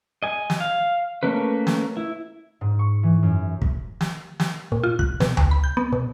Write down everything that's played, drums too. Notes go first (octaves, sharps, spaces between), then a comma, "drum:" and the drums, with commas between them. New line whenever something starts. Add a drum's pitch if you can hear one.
D#5 G#5
drum: snare
F5
A3 A#3 C#4 B4
drum: snare
E4
G#2
C#6
E3
F#2
drum: kick
drum: snare
drum: snare
A#2
F4
F#6, drum: kick
B2, drum: snare
drum: tom D2
B5
G6
B3
B2